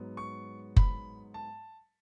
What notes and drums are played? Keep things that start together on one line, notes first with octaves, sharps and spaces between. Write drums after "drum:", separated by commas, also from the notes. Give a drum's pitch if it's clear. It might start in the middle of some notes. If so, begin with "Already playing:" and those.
Already playing: G#2 F#3 B3
C#6
B5, drum: kick F#1
A5